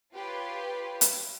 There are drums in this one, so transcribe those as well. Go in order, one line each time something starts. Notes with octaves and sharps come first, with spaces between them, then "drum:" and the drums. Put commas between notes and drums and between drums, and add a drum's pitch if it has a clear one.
F4 G4 B4 C#5 C6
drum: hi-hat